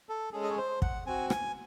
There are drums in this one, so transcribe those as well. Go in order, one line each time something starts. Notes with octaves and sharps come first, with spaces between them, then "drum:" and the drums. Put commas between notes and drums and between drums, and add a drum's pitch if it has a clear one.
A4
G#3 C#4 G#4 A4
D#5
C#5
C5
F#5, drum: kick
C4 F#4 G#5
G#5, drum: rim click